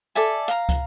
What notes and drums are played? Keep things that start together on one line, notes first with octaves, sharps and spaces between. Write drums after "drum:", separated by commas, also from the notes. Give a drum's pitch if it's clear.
A4 D5 E5 G#5
F5 A#5, drum: hi-hat
drum: kick, hi-hat